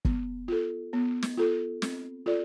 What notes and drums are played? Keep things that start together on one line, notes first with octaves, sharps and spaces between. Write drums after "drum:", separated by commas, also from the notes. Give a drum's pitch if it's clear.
B3, drum: kick
F4 A4
B3
drum: snare
F4 A4
C4, drum: snare
F4 A4 D5